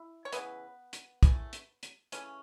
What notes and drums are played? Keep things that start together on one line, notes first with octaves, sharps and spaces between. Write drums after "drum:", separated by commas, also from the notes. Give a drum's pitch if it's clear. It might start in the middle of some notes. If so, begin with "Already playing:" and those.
Already playing: E4
C#5
C#3 E3 A3 B3 B4, drum: hi-hat
drum: hi-hat
C#3 E3 A3, drum: kick, hi-hat
drum: hi-hat
drum: hi-hat
C#3 E3 A3 C#4, drum: hi-hat